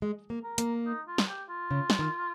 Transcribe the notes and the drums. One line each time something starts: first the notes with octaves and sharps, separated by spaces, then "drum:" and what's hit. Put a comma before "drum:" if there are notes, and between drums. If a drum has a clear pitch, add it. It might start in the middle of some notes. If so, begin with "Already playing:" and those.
G#3
A#3
A#4
A#3, drum: hi-hat
D#4
F4
drum: snare
G4
F4
C#3
drum: snare
D#3